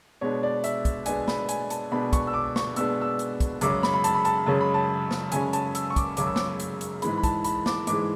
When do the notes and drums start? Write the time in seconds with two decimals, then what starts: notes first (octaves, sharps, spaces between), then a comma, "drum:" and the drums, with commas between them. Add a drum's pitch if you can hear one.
0.21 B2 G#3 B3 D4 C#5
0.43 D5
0.64 E5, drum: hi-hat
0.85 drum: kick, hi-hat
1.06 B2 G#3 B3 D4 G#5, drum: hi-hat
1.28 B5, drum: snare
1.49 G#5, drum: hi-hat
1.70 A5, drum: hi-hat
1.91 B2 G#3 B3 D4 B5
2.13 C#6, drum: kick, hi-hat
2.27 E6
2.33 D6
2.56 C#6, drum: snare
2.76 B2 G#3 B3 D4 E6, drum: hi-hat
3.01 E6
3.19 drum: hi-hat
3.40 drum: kick, hi-hat
3.61 F#2 C#3 G#3 C#4 D6, drum: hi-hat
3.83 B5, drum: snare
3.94 B5
4.04 A5, drum: hi-hat
4.14 B5
4.25 A5, drum: hi-hat
4.46 F#2 C#3 G#3 C#4 A5
4.61 B5
4.74 A5
5.11 drum: snare
5.32 F#2 C#3 G#3 C#4 G#5, drum: hi-hat
5.53 A5, drum: hi-hat
5.75 E6, drum: hi-hat
5.90 C#6
5.96 D6, drum: kick, hi-hat
6.17 F#2 C#3 G#3 C#4 D6, drum: hi-hat
6.26 E6
6.36 D6, drum: snare
6.60 drum: hi-hat
6.81 drum: hi-hat
7.02 G#2 E3 G#3 B5, drum: hi-hat
7.17 B5
7.23 A5, drum: kick, hi-hat
7.44 B5, drum: hi-hat
7.66 D6, drum: snare
7.87 G#2 E3 G#3 D6, drum: hi-hat